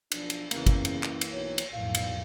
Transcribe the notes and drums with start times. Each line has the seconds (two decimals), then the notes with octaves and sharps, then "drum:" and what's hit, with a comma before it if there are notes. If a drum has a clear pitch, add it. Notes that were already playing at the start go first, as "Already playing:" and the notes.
0.12 B1 F3 D4, drum: cymbal
0.30 drum: cymbal
0.51 E2 C#3 E3 A#3 C#4, drum: cymbal
0.66 drum: kick, cymbal
0.85 drum: cymbal
1.03 drum: clap
1.21 drum: cymbal
1.32 B1 C#5
1.58 drum: cymbal
1.72 B1 F2 A2 F5
1.95 drum: cymbal